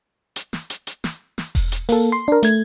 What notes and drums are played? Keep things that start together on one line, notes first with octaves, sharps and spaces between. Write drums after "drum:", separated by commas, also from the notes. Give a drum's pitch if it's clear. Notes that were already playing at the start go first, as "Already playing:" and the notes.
drum: hi-hat
drum: snare
drum: hi-hat
drum: hi-hat
drum: snare
drum: snare
drum: kick E1, open hi-hat
drum: hi-hat
A#3 A4, drum: open hi-hat
C6
D4 A#4
A3 G#6, drum: hi-hat